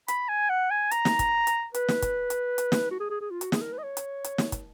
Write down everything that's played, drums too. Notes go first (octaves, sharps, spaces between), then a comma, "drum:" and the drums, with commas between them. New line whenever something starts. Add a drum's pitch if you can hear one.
B5, drum: hi-hat
G#5
F#5
G#5
A#5, drum: hi-hat
drum: snare
drum: kick, hi-hat
drum: hi-hat
B4, drum: hi-hat
drum: snare
drum: kick, hi-hat
drum: hi-hat
drum: hi-hat
drum: snare
F#4
G#4
G#4
G#4
F4
F#4, drum: hi-hat
G#4, drum: snare
A#4
B4
D#5
C#5
drum: hi-hat
drum: hi-hat
drum: snare
drum: kick, hi-hat